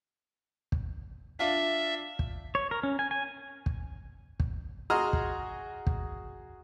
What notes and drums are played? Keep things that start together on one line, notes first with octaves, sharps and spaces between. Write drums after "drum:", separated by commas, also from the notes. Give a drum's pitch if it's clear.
drum: kick
D4 F4 D5 E5
drum: kick
C#5
A#4
C#4
G#5
G#5
drum: kick
drum: kick
F#4 G#4 D#5 A#5 C6 F6
drum: kick
drum: kick